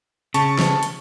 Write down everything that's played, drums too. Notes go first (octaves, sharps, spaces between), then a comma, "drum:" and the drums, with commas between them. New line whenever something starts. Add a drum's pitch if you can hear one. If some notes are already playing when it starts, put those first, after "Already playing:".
C#3 A5 C#6, drum: hi-hat
drum: snare
drum: hi-hat